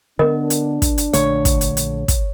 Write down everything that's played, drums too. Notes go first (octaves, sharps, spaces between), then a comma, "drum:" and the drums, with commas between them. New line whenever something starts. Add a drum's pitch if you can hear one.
D3 B3 D4 A#4 D#5
drum: hi-hat
drum: kick, hi-hat
drum: hi-hat
A#1 D3 A3 C#5, drum: hi-hat
drum: kick, hi-hat
drum: hi-hat
drum: hi-hat
drum: kick, hi-hat